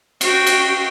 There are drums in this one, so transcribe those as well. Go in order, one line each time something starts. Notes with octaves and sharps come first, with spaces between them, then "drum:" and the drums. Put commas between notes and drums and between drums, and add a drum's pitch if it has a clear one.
F#4 G5, drum: cymbal
drum: cymbal